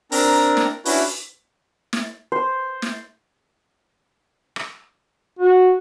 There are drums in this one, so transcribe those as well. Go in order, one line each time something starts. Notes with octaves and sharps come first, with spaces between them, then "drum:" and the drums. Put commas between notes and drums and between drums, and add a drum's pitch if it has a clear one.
C4 D4 A#4 A#5, drum: open hi-hat
drum: snare
C#4 D4 E4 F#4 B4, drum: open hi-hat
drum: snare
C5
drum: snare
drum: rim click
F#4